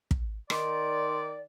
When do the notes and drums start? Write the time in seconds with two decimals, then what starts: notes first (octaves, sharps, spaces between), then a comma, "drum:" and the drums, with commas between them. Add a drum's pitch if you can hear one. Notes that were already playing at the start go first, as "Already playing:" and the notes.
0.11 drum: kick
0.50 D#3 D5 C6, drum: rim click